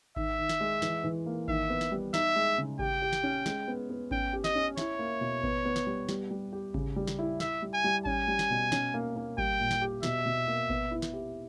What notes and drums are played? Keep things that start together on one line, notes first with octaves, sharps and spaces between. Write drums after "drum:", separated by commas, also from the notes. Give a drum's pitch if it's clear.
D#3 E5, drum: kick G#1
D#3
drum: snare
G#3
E3, drum: snare
E3
A#3
D#3 E5, drum: kick G#1
B3
drum: snare
G3
D#4 E5, drum: snare
G#3
C#3
G4 G5, drum: kick G#1
G4
drum: snare
C#4
G#3, drum: snare
B3
B3
C#4 G5, drum: kick G#1
G4
D#5, drum: snare
C#4
E4 C#5, drum: snare
A#3
B2
B3, drum: kick G#1
B3
drum: snare
G3
G3, drum: snare
G3
G4
C#3, drum: kick G#1
G3
drum: snare
E4
E4 E5, drum: snare
G3
G#5
G3
C#4 G#5, drum: kick G#1
G3
drum: snare
B2
C#4, drum: snare
A#3
A#3
G3 G5, drum: kick G#1
A#2
drum: snare
G4
B2 E5, drum: snare
B2
A#3
B3, drum: kick G#1
E4
drum: snare
G4